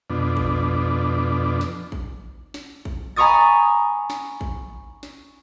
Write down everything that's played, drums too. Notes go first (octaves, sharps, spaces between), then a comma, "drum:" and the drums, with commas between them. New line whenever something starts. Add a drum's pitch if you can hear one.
F2 B2 D4
drum: kick
drum: snare
drum: kick
drum: snare
drum: kick
G#5 A#5 B5 C#6 D#6 A6
drum: snare
drum: kick
drum: snare